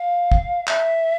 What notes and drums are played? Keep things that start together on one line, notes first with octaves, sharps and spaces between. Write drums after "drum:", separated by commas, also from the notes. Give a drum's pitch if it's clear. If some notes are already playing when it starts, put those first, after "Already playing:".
Already playing: F5
drum: kick
E5, drum: clap